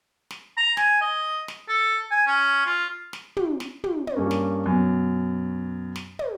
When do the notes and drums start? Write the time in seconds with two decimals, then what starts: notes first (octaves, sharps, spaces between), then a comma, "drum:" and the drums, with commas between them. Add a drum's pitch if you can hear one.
0.31 drum: snare
0.57 A#5
0.77 G#5, drum: snare
1.01 D#5
1.48 drum: snare
1.69 A4
2.11 G#5
2.26 C#4
2.66 F4
3.13 drum: snare
3.37 drum: tom
3.60 drum: snare
3.84 drum: tom
4.07 drum: tom
4.17 G2 A#3 C#4
4.31 drum: snare
4.66 F#2 B2
5.96 drum: snare
6.19 drum: tom